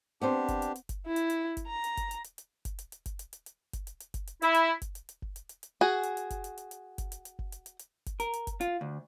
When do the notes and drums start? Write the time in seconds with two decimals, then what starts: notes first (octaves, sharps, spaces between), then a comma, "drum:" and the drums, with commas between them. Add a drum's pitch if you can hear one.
0.21 B3 C4 D4 G4 C5
0.48 drum: kick F#1, hi-hat
0.62 drum: hi-hat
0.76 drum: hi-hat
0.89 drum: kick F#1, hi-hat
1.07 E4
1.16 drum: hi-hat
1.30 drum: hi-hat
1.57 drum: kick F#1, hi-hat
1.67 A#5
1.84 drum: hi-hat
1.97 drum: kick F#1, hi-hat
2.11 drum: hi-hat
2.24 drum: hi-hat
2.38 drum: hi-hat
2.65 drum: kick F#1, hi-hat
2.79 drum: hi-hat
2.92 drum: hi-hat
3.06 drum: kick F#1, hi-hat
3.19 drum: hi-hat
3.33 drum: hi-hat
3.46 drum: hi-hat
3.73 drum: kick F#1, hi-hat
3.87 drum: hi-hat
4.00 drum: hi-hat
4.14 drum: kick F#1, hi-hat
4.27 drum: hi-hat
4.42 E4, drum: hi-hat
4.55 drum: hi-hat
4.82 drum: kick F#1, hi-hat
4.95 drum: hi-hat
5.09 drum: hi-hat
5.22 drum: kick F#1
5.36 drum: hi-hat
5.49 drum: hi-hat
5.63 drum: hi-hat
5.81 F#4 G#4
6.03 drum: hi-hat
6.17 drum: hi-hat
6.30 drum: kick F#1, hi-hat
6.44 drum: hi-hat
6.58 drum: hi-hat
6.71 drum: hi-hat
6.98 drum: kick F#1, hi-hat
7.12 drum: hi-hat
7.25 drum: hi-hat
7.39 drum: kick F#1
7.52 drum: hi-hat
7.66 drum: hi-hat
7.79 drum: hi-hat
8.06 drum: kick F#1, hi-hat
8.20 A#4, drum: hi-hat
8.33 drum: hi-hat
8.47 drum: kick F#1, hi-hat
8.61 F4, drum: hi-hat
8.81 D2